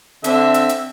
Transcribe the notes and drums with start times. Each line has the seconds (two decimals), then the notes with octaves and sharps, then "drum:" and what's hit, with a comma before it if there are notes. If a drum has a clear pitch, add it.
0.24 D3 C4 E5, drum: hi-hat
0.54 drum: hi-hat
0.69 drum: hi-hat